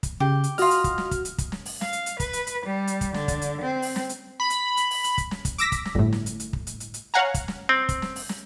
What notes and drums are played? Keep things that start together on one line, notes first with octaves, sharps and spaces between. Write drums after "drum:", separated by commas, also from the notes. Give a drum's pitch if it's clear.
drum: kick, hi-hat
C#3 G4
drum: hi-hat
F4 F#4 D#5 F6, drum: open hi-hat
drum: hi-hat
drum: kick, hi-hat
drum: snare
drum: kick, hi-hat
drum: hi-hat
drum: kick, hi-hat
drum: snare
drum: open hi-hat
F5, drum: snare
drum: hi-hat
drum: hi-hat
B4, drum: kick, hi-hat
drum: hi-hat
drum: hi-hat
G3
drum: hi-hat
drum: kick, hi-hat
D3, drum: snare
drum: kick, hi-hat
drum: hi-hat
C4
drum: open hi-hat
drum: snare
drum: hi-hat
B5
drum: hi-hat
drum: hi-hat
drum: open hi-hat
drum: hi-hat
drum: kick, hi-hat
drum: snare
drum: kick, hi-hat
D6 E6 A#6 B6, drum: hi-hat
drum: kick, hi-hat
drum: snare
G1 A2
drum: snare
drum: hi-hat
drum: hi-hat
drum: kick
drum: hi-hat
drum: hi-hat
drum: hi-hat
C#5 F5 F#5 G#5 A#5
drum: kick, hi-hat
drum: snare
C4
drum: kick, hi-hat
drum: snare
drum: open hi-hat
drum: snare